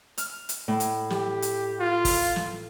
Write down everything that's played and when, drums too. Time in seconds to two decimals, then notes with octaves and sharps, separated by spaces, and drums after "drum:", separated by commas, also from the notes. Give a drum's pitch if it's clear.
0.18 F6, drum: hi-hat
0.49 drum: hi-hat
0.68 A2
0.80 drum: hi-hat
1.10 G4, drum: snare
1.42 drum: hi-hat
1.80 F4
2.05 drum: kick, open hi-hat
2.36 drum: snare